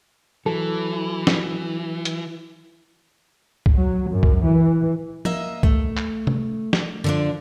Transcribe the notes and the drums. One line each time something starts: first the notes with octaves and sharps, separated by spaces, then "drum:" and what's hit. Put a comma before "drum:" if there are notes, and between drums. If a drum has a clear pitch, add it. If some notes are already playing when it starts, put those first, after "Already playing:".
E3 F#3 A4
drum: snare
drum: hi-hat
drum: kick
F#3
F#2
drum: kick
E3
A#3 D#5 E5, drum: tom
A3, drum: kick
drum: clap
drum: tom
drum: snare
D3 F3 D4